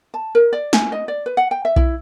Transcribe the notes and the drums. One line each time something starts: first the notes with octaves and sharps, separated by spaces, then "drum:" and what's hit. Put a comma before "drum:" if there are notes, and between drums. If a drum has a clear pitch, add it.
A5
A#4
D5
G#5, drum: snare
D#5
D5
B4
F#5
G5
E5
E4, drum: kick B1